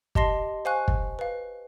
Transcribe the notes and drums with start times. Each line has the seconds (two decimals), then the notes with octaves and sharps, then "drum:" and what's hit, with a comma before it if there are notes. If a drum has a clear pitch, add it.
0.15 G4 D#5 A5 C6 A#6 C7, drum: kick
0.65 C5 F5 G#5 C#6 F#6
0.88 drum: kick
1.19 B4 F5